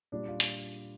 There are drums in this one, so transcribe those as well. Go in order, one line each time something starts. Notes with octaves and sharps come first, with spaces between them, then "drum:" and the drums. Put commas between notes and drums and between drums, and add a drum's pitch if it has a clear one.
A#2 G3 A#3 D4
F4
drum: hi-hat